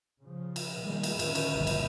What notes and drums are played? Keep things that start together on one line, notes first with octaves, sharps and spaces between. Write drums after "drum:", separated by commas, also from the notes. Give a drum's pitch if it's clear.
C#3 F3
drum: cymbal
B2 D#3 G3 G#3 A#3
drum: cymbal
F2 A2 D3 D#3 C#4, drum: cymbal
drum: cymbal
G1 C2 A#2 C#3 F3 F#3
drum: cymbal